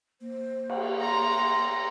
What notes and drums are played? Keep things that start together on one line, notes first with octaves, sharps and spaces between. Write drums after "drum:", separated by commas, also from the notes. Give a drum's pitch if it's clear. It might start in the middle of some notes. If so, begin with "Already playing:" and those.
A#3 C5
drum: cymbal
A#5 C6 A#6